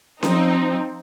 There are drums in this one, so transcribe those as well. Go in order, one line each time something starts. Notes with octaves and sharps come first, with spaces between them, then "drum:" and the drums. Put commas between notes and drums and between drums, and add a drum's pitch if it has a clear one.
F3 C4 D#4, drum: snare C#4